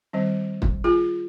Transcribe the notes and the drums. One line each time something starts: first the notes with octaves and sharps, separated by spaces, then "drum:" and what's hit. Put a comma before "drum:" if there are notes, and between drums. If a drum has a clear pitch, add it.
D#3 G3 C4
drum: kick
F4 G#4